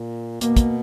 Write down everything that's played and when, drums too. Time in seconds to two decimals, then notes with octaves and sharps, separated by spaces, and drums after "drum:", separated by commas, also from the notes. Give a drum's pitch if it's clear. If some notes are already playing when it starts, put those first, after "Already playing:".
Already playing: A#2
0.41 B2 A#3, drum: hi-hat
0.57 drum: kick, hi-hat